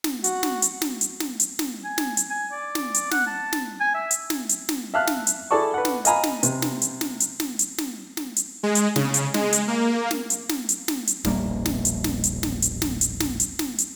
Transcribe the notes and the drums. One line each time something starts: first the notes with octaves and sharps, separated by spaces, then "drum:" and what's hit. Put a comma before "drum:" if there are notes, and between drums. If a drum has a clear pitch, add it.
drum: snare
F#4, drum: hi-hat
drum: snare
drum: hi-hat
drum: snare
drum: hi-hat
drum: snare
drum: hi-hat
drum: snare
G#5
drum: snare
drum: hi-hat
G#5
D5
drum: snare
drum: hi-hat
F#5, drum: snare
A5
drum: snare
G#5
E5
drum: hi-hat
drum: snare
drum: hi-hat
drum: snare
E5 F5 A5 F6 F#6
drum: snare
drum: hi-hat
E4 G#4 A4 D5 A5 C#6
B4 F#5
drum: snare
D#5 F5 G#5 A#5 B5, drum: hi-hat
drum: snare
C3, drum: hi-hat
drum: snare
drum: hi-hat
drum: snare
drum: hi-hat
drum: snare
drum: hi-hat
drum: snare
drum: snare
drum: hi-hat
G#3
drum: hi-hat
C#3, drum: snare
drum: hi-hat
G#3, drum: snare
drum: hi-hat
A#3
drum: snare
drum: hi-hat
drum: snare
drum: hi-hat
drum: snare
drum: hi-hat
E1 A#1 G3 A#3, drum: snare
drum: snare
drum: hi-hat
drum: snare
drum: hi-hat
drum: snare
drum: hi-hat
drum: snare
drum: hi-hat
drum: snare
drum: hi-hat
drum: snare
drum: hi-hat